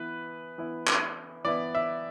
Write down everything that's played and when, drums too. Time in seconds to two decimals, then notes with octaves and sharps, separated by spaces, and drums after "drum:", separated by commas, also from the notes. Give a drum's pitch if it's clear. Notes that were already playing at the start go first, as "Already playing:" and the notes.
Already playing: E3 B3 E4 B4
0.58 E3 B3 E4
0.87 drum: clap
1.45 E3 B3 E4 D5
1.75 E5